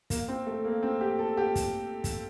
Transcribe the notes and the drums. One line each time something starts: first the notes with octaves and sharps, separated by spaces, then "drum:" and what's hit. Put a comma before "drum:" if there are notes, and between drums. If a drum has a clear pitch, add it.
A#3, drum: kick, hi-hat
C4
A3
A#3
C4
G4
A4
G4
drum: kick, hi-hat
drum: kick, hi-hat